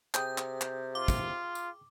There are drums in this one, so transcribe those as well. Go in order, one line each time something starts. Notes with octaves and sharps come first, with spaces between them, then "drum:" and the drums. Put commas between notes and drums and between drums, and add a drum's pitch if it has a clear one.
C3 G#4 G5 D#6 G6, drum: clap
drum: clap
drum: clap
F4 D6
drum: kick, tambourine
drum: tambourine